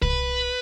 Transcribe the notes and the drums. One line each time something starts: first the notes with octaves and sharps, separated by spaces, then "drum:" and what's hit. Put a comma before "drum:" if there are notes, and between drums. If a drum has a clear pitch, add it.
B4, drum: kick C2